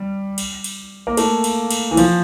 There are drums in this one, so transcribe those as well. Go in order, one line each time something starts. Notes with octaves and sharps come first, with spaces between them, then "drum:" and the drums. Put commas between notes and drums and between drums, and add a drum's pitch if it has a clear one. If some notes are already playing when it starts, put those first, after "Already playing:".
Already playing: G3
drum: cymbal
drum: cymbal
A#3
A3, drum: cymbal
drum: cymbal
drum: cymbal
E3
F3, drum: cymbal